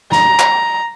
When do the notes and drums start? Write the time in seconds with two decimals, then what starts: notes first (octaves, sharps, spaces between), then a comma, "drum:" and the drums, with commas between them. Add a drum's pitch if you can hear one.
0.12 A#5, drum: snare
0.39 drum: clap